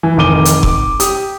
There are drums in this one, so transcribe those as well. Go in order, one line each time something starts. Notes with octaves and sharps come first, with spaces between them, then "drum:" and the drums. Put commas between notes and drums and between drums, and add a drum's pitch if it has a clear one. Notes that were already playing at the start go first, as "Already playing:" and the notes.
E3
F1 D#3 D#4 D6 D#7 G7
drum: hi-hat
D6, drum: kick F1
G4 D#6, drum: hi-hat